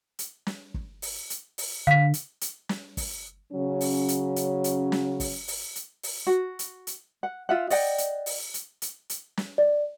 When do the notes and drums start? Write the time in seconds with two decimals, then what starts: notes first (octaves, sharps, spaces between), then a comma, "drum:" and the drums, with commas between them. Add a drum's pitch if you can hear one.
0.19 drum: hi-hat
0.47 drum: snare
0.74 drum: kick
1.02 drum: open hi-hat
1.30 drum: hi-hat
1.58 drum: open hi-hat
1.87 D3 F5 B6
2.14 drum: hi-hat
2.41 drum: hi-hat
2.69 drum: snare
2.97 drum: kick, open hi-hat
3.53 C#3 F#3 C#4
3.81 drum: open hi-hat
4.08 drum: hi-hat
4.36 drum: hi-hat
4.64 drum: hi-hat
4.92 drum: snare
5.20 drum: kick, open hi-hat
5.48 drum: open hi-hat
5.75 drum: hi-hat
6.03 drum: open hi-hat
6.27 F#4
6.59 drum: hi-hat
6.87 drum: hi-hat
7.23 F#5
7.49 F4 E5 F#5
7.70 D5 D#5 F#5 G5, drum: open hi-hat
7.98 drum: hi-hat
8.26 drum: open hi-hat
8.54 drum: hi-hat
8.82 drum: hi-hat
9.10 drum: hi-hat
9.37 drum: snare
9.58 D5